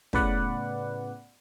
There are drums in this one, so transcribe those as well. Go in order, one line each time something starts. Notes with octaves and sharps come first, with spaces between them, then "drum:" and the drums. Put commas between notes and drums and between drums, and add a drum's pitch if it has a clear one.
A2 C#3 B3 B4 D5 F#5, drum: kick